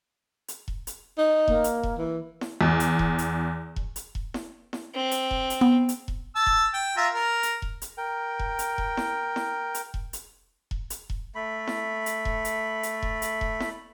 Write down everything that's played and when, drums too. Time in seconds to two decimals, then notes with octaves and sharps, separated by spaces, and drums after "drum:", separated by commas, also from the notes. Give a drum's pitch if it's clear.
0.48 drum: hi-hat
0.68 drum: kick E1
0.87 drum: hi-hat
1.18 D#4
1.48 A#3, drum: kick E1
1.64 drum: hi-hat
1.83 drum: kick E1
1.97 E3
2.41 drum: snare E4
2.61 E2
2.80 drum: hi-hat
2.99 drum: kick E1
3.18 drum: hi-hat
3.76 drum: kick E1
3.96 drum: hi-hat
4.15 drum: kick E1
4.34 drum: snare E4
4.73 drum: snare E4
4.95 C4
5.11 drum: hi-hat
5.31 drum: kick E1
5.50 drum: hi-hat
5.61 B3
5.89 drum: hi-hat
6.08 drum: kick E1
6.35 A5 E6
6.46 drum: kick E1
6.74 G5
6.97 F4 E5 A#5
7.13 A#4
7.43 drum: hi-hat
7.62 drum: kick E1
7.82 drum: hi-hat
7.97 A#4 G5
8.39 drum: kick E1
8.59 drum: hi-hat
8.78 drum: kick E1
8.97 drum: snare E4
9.36 drum: snare E4
9.74 drum: hi-hat
9.94 drum: kick E1
10.13 drum: hi-hat
10.71 drum: kick E1
10.90 drum: hi-hat
11.10 drum: kick E1
11.35 A3 B5
11.67 drum: snare E4
12.06 drum: hi-hat
12.25 drum: kick E1
12.45 drum: hi-hat
12.83 drum: hi-hat
13.03 drum: kick E1
13.22 drum: hi-hat
13.41 drum: kick E1
13.60 drum: snare E4